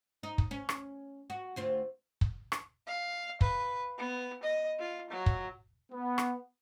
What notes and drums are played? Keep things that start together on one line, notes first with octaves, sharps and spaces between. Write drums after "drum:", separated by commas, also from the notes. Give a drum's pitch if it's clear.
D#4
drum: kick
C#4
drum: rim click
F#4
D2 C4 F4
drum: kick
drum: rim click
F5
B4, drum: kick
B3
D#5
F4
F#3
drum: kick
B3
drum: rim click